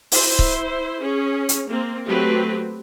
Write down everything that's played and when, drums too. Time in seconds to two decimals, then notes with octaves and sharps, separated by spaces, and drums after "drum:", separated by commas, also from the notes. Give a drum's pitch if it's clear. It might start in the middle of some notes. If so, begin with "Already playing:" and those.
0.12 E4 C5, drum: open hi-hat
0.39 drum: kick C#1
1.01 C#4 G#4
1.49 drum: hi-hat
1.68 A#3 C4
2.07 F#3 A3 C4 G4 B4